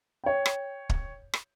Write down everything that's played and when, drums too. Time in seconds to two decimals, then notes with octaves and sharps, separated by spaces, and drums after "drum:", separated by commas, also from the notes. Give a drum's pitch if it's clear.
0.24 C#5 G5
0.46 drum: rim click
0.90 drum: kick
1.33 drum: rim click